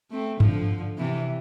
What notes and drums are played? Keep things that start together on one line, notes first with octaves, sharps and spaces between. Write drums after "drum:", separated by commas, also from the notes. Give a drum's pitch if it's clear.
A3 C4
D3 F3, drum: tom G2
C3 E3